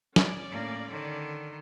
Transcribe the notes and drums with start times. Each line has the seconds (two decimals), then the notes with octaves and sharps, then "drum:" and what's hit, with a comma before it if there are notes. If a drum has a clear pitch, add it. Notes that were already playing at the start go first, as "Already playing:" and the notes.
0.16 C#4 D5, drum: snare
0.51 A2 A#3
0.89 D3 D#3